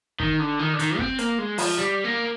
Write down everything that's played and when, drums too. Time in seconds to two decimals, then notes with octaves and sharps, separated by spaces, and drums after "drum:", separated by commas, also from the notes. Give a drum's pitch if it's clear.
0.20 D#3, drum: kick
0.40 D3
0.59 D#3
0.73 D3
0.79 D#3, drum: hi-hat
0.99 C4, drum: kick
1.18 A#3, drum: hi-hat
1.39 G#3
1.58 F3, drum: open hi-hat
1.78 G3
2.04 A#3